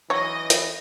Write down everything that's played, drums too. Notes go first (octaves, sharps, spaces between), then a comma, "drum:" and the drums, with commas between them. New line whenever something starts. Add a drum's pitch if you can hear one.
E3 F#3 C#5 D#5 A#6
drum: hi-hat